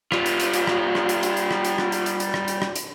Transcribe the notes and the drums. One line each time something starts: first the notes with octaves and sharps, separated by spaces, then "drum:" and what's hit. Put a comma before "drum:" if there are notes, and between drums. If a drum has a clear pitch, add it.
G3 F4, drum: rim click
drum: hi-hat
drum: hi-hat
drum: hi-hat
drum: rim click
drum: rim click
drum: hi-hat
drum: hi-hat
drum: hi-hat
drum: rim click
drum: hi-hat
drum: rim click
drum: hi-hat
drum: hi-hat
drum: hi-hat
drum: rim click
drum: hi-hat
drum: rim click
drum: hi-hat